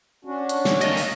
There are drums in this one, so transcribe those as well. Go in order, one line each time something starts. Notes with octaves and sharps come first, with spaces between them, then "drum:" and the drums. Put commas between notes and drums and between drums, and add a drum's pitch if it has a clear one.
C#4 D4 F#4
drum: hi-hat
drum: snare
D#5 F5, drum: hi-hat
drum: open hi-hat